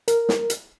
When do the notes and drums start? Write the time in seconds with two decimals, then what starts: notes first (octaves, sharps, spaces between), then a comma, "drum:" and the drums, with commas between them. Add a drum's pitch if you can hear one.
0.08 A#4, drum: hi-hat
0.29 drum: snare
0.50 drum: hi-hat